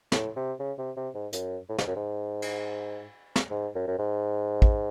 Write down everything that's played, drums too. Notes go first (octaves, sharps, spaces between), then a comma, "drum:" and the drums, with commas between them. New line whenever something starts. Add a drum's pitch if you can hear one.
A2, drum: snare
C3
C#3
C3
C3
G#2
F#2, drum: hi-hat
A2
G#2, drum: snare
F#2
G#2
drum: cymbal
drum: snare
G#2
F#2
F#2
G#2
drum: kick